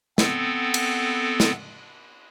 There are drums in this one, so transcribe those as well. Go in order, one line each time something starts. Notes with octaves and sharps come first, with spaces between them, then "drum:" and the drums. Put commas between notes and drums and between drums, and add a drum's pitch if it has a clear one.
B3 C4 A4, drum: snare
drum: cymbal
drum: snare